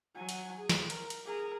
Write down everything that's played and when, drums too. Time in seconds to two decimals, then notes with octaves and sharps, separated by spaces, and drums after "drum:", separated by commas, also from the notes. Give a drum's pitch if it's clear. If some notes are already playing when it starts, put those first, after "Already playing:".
0.15 F#3 G#5
0.29 drum: hi-hat
0.57 G#4
0.69 drum: snare
0.90 A#4, drum: hi-hat
1.10 drum: hi-hat
1.25 G#4 A#4